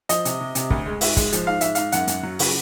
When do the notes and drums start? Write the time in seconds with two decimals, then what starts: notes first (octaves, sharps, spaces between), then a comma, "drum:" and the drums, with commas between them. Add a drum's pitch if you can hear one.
0.09 F3 D#5, drum: hi-hat
0.25 C3, drum: hi-hat
0.41 C3
0.55 C3, drum: hi-hat
0.70 D2, drum: kick
0.86 G#3
1.01 G#2 E5, drum: open hi-hat
1.17 G#3, drum: kick, hi-hat
1.32 F3, drum: hi-hat
1.47 G#2 F5
1.61 G#2 E5, drum: hi-hat
1.75 G#2 F5, drum: hi-hat
1.92 F#2 F#5, drum: hi-hat
2.07 F#2, drum: hi-hat
2.23 F#3
2.39 C#3, drum: open hi-hat